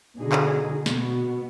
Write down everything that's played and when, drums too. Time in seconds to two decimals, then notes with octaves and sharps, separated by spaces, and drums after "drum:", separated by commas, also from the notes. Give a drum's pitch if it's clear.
0.16 B2 D3 D#4 G#4
0.32 drum: clap
0.86 B2 B3, drum: snare